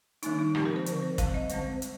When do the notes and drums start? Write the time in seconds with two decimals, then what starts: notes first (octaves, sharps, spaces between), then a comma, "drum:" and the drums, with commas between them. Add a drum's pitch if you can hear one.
0.23 D#3 G3 A#3 D4 D#4, drum: hi-hat
0.39 D#4
0.55 F3 G#3 C4 G4, drum: rim click
0.65 A#4
0.76 C5
0.86 D3 F3 C4 A#4, drum: hi-hat
1.02 C5
1.18 G3 C4 F5, drum: kick, hi-hat
1.34 D#5
1.49 D3 G#3 C4 C5, drum: hi-hat
1.82 G3, drum: hi-hat